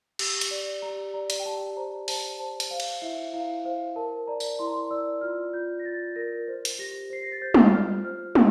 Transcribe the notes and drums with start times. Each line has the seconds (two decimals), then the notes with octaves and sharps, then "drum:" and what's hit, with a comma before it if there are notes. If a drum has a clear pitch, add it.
0.19 G4 E6, drum: cymbal
0.41 drum: hi-hat
0.51 D5
0.82 G4 A#5
1.14 D5 A#5
1.30 drum: hi-hat
1.39 G5
1.45 G4 A5
1.77 C5 A#5
2.08 C5 A5, drum: open hi-hat
2.40 C5 A5
2.60 drum: hi-hat
2.71 C5 F5
2.80 drum: cymbal
3.02 E4 E5
3.33 E4 F5
3.65 C5 F5
3.96 A#4 A5
4.28 D5 A#5
4.40 drum: tambourine
4.59 E4 C6
4.66 A#5
4.74 C6
4.91 D5 E6
5.21 F4 F6
5.53 F4 G6
5.79 A#6
5.85 F4 A6
6.15 A#4 A#6
6.48 C5
6.65 drum: hi-hat
6.79 G4 A#6
7.10 C5 C7
7.23 A#6
7.32 A6
7.42 C5 G6
7.54 drum: tom
7.73 F4 F6
8.04 C5 F6
8.35 E6, drum: tom